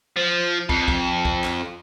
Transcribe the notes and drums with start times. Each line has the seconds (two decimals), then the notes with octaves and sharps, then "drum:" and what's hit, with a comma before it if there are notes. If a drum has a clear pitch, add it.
0.16 F3
0.69 F2, drum: kick
0.88 drum: kick
1.25 drum: kick
1.44 drum: clap